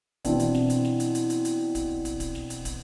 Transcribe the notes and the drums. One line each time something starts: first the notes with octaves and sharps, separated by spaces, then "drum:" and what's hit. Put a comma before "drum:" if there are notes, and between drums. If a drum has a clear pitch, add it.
B2 E3 C4 D4, drum: kick, hi-hat
drum: hi-hat
drum: snare
drum: hi-hat
drum: snare
drum: hi-hat
drum: hi-hat
drum: hi-hat
drum: hi-hat
drum: kick, hi-hat
drum: kick, hi-hat
drum: kick, hi-hat
drum: snare
drum: hi-hat
drum: kick, hi-hat